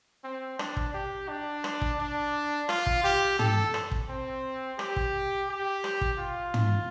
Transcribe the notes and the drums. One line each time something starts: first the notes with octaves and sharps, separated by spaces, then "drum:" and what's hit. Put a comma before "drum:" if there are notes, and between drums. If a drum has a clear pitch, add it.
C4
D4, drum: rim click
drum: kick
G4
D4
drum: rim click
drum: kick
D4
F4, drum: rim click
drum: kick
G4
A4, drum: tom
drum: rim click
drum: kick
C4
G4, drum: rim click
drum: kick
G4
drum: rim click
drum: kick
F4
drum: tom